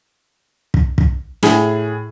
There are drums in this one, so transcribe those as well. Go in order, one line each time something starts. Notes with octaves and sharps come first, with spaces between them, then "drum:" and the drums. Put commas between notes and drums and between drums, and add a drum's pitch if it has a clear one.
drum: kick
drum: kick
A2 G#4, drum: snare